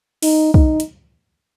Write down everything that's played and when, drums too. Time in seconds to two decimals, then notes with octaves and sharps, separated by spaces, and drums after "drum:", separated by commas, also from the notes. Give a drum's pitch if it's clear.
0.22 D#4, drum: open hi-hat
0.54 D#4, drum: kick
0.80 drum: hi-hat